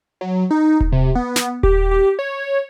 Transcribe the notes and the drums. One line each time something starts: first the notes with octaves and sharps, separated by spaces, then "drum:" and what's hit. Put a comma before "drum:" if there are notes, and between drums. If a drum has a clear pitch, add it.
F#3
D#4
drum: kick D#1
C3
B3
drum: snare
G4, drum: kick D#1
G4
C#5